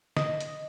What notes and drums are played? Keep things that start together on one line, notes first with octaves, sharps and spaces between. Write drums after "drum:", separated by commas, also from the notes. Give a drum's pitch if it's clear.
D#5, drum: snare
drum: hi-hat